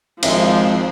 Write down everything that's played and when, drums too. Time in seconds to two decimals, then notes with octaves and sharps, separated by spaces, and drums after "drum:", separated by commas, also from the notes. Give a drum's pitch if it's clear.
0.23 G#1 F3 G#3 E5, drum: cymbal